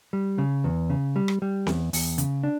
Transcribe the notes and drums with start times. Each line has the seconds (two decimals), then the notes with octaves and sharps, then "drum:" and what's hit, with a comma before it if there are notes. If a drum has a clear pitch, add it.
0.13 G3
0.38 C#3
0.64 E2
0.90 C#3
1.16 G3
1.28 drum: rim click
1.42 G3
1.67 E2, drum: snare C4
1.93 E2, drum: open hi-hat
2.18 C#3, drum: hi-hat
2.44 D4